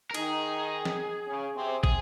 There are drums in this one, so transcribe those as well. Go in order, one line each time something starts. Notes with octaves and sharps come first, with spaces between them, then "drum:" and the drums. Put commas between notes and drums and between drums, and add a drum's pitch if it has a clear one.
A#4
D#3 D#4 G#4, drum: cymbal
drum: snare
C#3 C#4
C3 C4
G#4, drum: kick